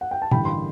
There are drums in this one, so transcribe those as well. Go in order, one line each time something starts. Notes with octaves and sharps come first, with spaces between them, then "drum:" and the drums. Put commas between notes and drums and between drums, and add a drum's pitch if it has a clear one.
F#5
G5
A5
A1 G2 D3 G5 B5, drum: tom
C6